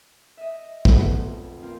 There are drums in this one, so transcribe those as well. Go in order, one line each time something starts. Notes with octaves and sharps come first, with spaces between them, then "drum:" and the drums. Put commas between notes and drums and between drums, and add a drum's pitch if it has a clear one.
D#5 E5
B1 F2 B2 A3 B3 B4, drum: kick
A#3 C4 F4